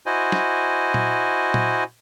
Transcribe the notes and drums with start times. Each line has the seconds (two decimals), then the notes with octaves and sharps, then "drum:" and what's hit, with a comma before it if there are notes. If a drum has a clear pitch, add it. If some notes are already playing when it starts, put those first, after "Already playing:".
0.06 E4 F#4 C5 D#5 G#5
0.32 drum: snare
0.94 drum: tom A#2
1.54 drum: tom A#2